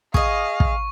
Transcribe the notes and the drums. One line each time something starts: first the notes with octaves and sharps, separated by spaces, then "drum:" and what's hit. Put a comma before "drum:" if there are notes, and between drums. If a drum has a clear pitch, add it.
G#4 D#5 F5 C#6, drum: kick
drum: kick